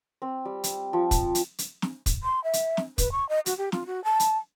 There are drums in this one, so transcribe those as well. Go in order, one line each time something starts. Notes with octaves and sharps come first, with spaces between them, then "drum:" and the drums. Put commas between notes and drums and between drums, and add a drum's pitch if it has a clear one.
C4
G3
drum: hi-hat
F3
drum: kick, hi-hat
drum: hi-hat
drum: hi-hat
drum: snare
drum: kick, hi-hat
C6
E5
drum: hi-hat
drum: snare
B4, drum: kick, hi-hat
C#6
D#5
F#4, drum: hi-hat
G4
F4, drum: snare
F#4
A5
drum: hi-hat